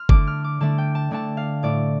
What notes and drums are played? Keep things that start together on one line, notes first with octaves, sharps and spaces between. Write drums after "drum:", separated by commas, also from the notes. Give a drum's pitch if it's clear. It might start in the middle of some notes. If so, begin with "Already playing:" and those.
Already playing: C6 F6
D3 A3 D4 D6, drum: kick
F6
D6
D3 A3 D4 A5
G5
A5
D3 A3 D4 A5
F5
A2 A3 D4 D5